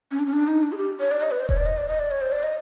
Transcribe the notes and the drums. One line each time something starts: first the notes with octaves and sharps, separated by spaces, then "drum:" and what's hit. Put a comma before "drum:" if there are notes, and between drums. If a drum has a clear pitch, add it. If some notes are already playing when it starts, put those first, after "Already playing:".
C#4
D4
C#4
D4
D#4
D4
G#4
G4
C#5
D5
D#5
B4
C5
C#5, drum: kick E1
D5
D#5
D5
D#5
D5
C#5
C5
D5
D#5